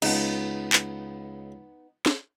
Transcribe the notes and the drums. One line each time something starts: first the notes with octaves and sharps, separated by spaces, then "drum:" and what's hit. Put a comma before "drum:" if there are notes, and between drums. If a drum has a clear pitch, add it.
C#2 B3 D#4, drum: cymbal
drum: clap
drum: snare